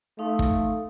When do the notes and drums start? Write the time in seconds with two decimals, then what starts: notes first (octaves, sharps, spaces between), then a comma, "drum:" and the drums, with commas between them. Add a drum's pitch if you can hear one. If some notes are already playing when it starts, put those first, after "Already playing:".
0.18 A3 D#4 F5 C6
0.39 drum: kick